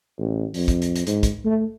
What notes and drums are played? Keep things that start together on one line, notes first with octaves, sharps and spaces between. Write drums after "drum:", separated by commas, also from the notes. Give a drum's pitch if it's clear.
A1
F2, drum: open hi-hat
drum: kick, hi-hat
drum: hi-hat
drum: hi-hat
G#2, drum: hi-hat
drum: kick, hi-hat
A3